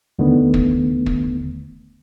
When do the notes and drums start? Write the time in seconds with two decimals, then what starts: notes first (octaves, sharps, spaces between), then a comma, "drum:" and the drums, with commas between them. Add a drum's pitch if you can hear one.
0.19 D#2 D3 D#3 A3 B3
0.54 drum: kick
1.06 drum: kick